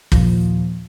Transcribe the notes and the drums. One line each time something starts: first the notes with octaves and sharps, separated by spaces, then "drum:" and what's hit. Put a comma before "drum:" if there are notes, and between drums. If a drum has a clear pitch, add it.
D#2 A#2 F3, drum: kick